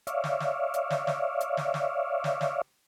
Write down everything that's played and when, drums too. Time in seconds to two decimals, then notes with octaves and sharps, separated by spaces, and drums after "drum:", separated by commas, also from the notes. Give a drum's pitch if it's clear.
0.07 C#5 D5 E5 F5, drum: hi-hat
0.24 drum: snare
0.40 drum: snare
0.74 drum: hi-hat
0.90 drum: snare
1.07 drum: snare
1.41 drum: hi-hat
1.57 drum: snare
1.74 drum: snare
2.24 drum: snare
2.41 drum: snare